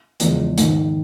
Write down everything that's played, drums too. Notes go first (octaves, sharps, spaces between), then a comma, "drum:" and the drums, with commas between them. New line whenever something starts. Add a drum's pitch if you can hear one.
E2 C#3 F3 G#3, drum: hi-hat
G#2 D#3 G#3, drum: hi-hat